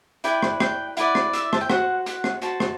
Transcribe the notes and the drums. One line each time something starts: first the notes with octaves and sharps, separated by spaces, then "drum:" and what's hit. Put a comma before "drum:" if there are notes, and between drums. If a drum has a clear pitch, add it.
E4 B4 D5 G5, drum: hi-hat
drum: rim click
G5, drum: rim click
E4 B4 D5 F#5, drum: hi-hat
drum: rim click
E5, drum: hi-hat
A5, drum: rim click
G5
F#4 C5 F#5, drum: rim click
F#5, drum: hi-hat
drum: rim click
F#4 C5 A5, drum: hi-hat
drum: rim click